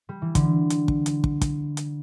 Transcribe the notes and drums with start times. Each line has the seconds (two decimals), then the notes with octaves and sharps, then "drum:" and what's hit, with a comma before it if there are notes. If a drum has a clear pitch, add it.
0.09 G3
0.22 E3
0.35 D3, drum: kick, hi-hat
0.70 drum: hi-hat
0.88 drum: kick
1.06 drum: hi-hat
1.24 drum: kick
1.41 drum: kick, hi-hat
1.77 drum: hi-hat